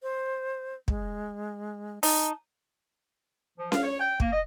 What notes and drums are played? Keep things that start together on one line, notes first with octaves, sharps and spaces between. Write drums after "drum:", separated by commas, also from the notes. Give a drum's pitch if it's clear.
C5
G#3, drum: kick
D#4 A5, drum: open hi-hat
F3
F5, drum: snare C#4
C#5
G5
A#3, drum: kick
D#5